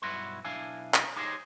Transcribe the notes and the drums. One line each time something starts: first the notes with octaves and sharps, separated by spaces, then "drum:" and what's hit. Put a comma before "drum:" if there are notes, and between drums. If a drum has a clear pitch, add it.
B1 G2 E4 F#4 B4 C6
B1 D4 E4 F5 G#5
drum: clap
D#4 G4 G#4 C5 C#5 D#5